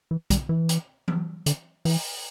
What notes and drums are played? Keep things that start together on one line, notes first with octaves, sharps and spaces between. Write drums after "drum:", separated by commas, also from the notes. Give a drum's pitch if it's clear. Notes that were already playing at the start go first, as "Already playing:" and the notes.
E3
G3, drum: kick, hi-hat
E3
drum: hi-hat
drum: tom E3
D3, drum: hi-hat
E3, drum: open hi-hat